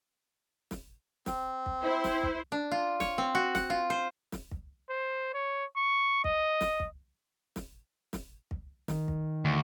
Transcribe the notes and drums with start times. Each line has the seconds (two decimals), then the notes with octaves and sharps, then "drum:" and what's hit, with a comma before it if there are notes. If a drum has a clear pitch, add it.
0.71 drum: snare
1.26 C4, drum: snare
1.66 drum: kick
1.83 E4 C5
2.04 drum: snare
2.23 drum: kick
2.52 D4
2.72 F4
3.00 C#5, drum: snare
3.18 C4
3.35 F#4
3.55 F#5, drum: snare
3.70 F4
3.90 C5
4.32 drum: snare
4.51 drum: kick
4.89 C5
5.34 C#5
5.76 C#6
6.24 D#5, drum: kick
6.61 drum: snare
6.80 drum: kick
7.56 drum: snare
8.13 drum: snare
8.51 drum: kick
8.88 D#3, drum: snare
9.08 drum: kick
9.45 D2